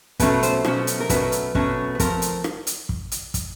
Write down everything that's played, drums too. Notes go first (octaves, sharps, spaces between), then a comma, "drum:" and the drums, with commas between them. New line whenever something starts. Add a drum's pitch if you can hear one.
B2 F#3 A3 C#4 B4, drum: kick, hi-hat
C5, drum: hi-hat
B2 F#3 A3 C#4, drum: rim click
drum: hi-hat
A#4
B2 F#3 A3 C#4 B4, drum: kick, hi-hat
drum: hi-hat
B2 F#3 A3 C#4, drum: kick
B4
F3 A3 C4 A#4, drum: kick, hi-hat
drum: hi-hat
drum: rim click
drum: hi-hat
drum: kick
drum: hi-hat
drum: kick, hi-hat